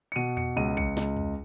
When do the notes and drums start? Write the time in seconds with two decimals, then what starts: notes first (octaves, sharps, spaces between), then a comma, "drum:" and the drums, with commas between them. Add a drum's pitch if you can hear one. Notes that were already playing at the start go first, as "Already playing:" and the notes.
0.12 C#7
0.16 B2 D#7
0.37 C#7, drum: tom E2
0.56 C#2 D#7
0.77 C#7, drum: kick
0.97 C#2, drum: snare
1.17 drum: tom E2